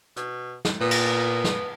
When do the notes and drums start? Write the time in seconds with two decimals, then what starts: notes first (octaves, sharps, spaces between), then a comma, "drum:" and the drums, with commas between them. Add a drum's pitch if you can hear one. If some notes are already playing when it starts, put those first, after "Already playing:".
0.16 B2, drum: hi-hat
0.65 drum: snare
0.81 A#2 B3
0.91 drum: cymbal
1.44 drum: snare